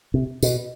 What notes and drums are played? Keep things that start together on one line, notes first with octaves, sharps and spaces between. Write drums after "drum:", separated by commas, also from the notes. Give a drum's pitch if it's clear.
C3
B2, drum: tambourine